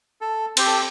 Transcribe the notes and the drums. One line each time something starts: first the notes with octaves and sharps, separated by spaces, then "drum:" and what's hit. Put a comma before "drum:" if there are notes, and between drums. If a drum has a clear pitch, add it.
A4
C4 G4 C5, drum: cymbal
A4